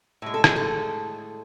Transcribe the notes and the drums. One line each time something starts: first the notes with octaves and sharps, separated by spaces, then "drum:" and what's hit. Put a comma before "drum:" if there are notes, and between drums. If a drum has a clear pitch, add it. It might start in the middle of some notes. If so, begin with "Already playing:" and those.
A2 G#3
A4
G#4, drum: rim click
A4